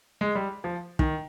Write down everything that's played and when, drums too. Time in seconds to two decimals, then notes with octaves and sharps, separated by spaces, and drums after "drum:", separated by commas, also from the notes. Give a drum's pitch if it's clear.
0.21 G#3
0.35 G3
0.64 F3
0.99 D#3, drum: kick